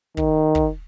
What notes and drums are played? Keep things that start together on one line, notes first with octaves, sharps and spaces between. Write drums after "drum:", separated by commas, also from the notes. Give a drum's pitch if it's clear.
D#3, drum: kick
drum: kick